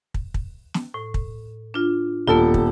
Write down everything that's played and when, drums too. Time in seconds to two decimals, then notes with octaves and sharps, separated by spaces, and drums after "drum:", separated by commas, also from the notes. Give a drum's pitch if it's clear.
0.14 drum: kick
0.34 drum: kick
0.74 drum: snare
0.94 A2
1.14 drum: kick
1.74 D4 F4
2.27 D#1 B3 F4 A4
2.54 drum: kick